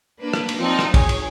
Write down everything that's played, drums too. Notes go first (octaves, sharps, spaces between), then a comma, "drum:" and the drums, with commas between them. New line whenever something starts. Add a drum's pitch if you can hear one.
A#3 D4 B4
drum: rim click
drum: cymbal
F3 C4 D#4 F4 D5
drum: rim click
G#4 C#5 G#5, drum: kick, cymbal
drum: cymbal